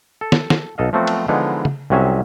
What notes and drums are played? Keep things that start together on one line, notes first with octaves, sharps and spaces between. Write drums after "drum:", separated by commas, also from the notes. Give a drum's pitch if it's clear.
A4
drum: snare
drum: snare
B1 A4 D#5 F5
F3 F#3 A3 B3 C4 F#4
drum: cymbal
D3 E3 F3 G#3 B3 D#4
drum: tom
C2 C3 F#3 C#4 G#4 E5